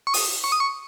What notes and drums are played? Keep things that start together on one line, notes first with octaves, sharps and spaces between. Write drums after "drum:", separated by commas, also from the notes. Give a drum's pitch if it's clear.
C#6
D#6, drum: open hi-hat
C#6
D#6
C#6